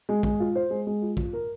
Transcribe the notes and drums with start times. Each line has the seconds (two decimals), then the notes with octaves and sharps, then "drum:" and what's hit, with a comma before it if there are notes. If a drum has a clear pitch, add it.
0.09 G#3
0.23 G#3, drum: kick
0.40 F4
0.55 C5
0.70 G#3
0.87 G#3
1.02 F4
1.17 F4, drum: kick
1.33 A#4